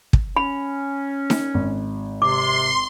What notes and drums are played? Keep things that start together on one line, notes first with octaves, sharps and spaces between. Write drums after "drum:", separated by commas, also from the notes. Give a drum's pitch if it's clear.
drum: kick
C#4 B5
drum: snare D#4
G#1
C3 C6 D6